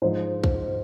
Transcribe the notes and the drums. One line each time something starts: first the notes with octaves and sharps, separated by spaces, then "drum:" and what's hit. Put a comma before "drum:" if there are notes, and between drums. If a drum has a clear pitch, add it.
G#2 F3 G#3 D#4 G#4 C5
drum: kick